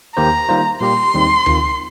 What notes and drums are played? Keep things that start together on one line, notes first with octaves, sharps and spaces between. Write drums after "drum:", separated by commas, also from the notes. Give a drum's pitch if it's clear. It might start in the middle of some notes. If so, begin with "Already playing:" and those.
D#2 D#3 A#3 G4 C5 A#5
D#3 G3 A#3 F4 C5
A#2 G3 A#3 G4 C6
D#2 D#3 G3 C4 D#4
D#3 C4 F4, drum: tom D2